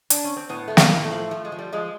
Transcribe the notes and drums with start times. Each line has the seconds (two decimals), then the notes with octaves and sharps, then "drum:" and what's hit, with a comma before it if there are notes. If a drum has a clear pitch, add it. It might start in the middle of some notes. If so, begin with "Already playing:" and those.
0.10 D4, drum: hi-hat
0.24 C#4
0.37 C4
0.49 A2 B3
0.68 A2 A3
0.77 A#3, drum: snare
0.91 A2
0.99 A#3
1.04 A3
1.11 F3
1.31 F3 A3
1.45 G#3
1.52 F3
1.59 G3
1.72 F3 G#3